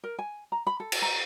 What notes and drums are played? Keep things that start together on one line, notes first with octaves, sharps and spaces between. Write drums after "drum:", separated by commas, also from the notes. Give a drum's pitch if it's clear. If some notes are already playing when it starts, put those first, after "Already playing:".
A#4
G#5
A#5
B5
A4
drum: cymbal
A#5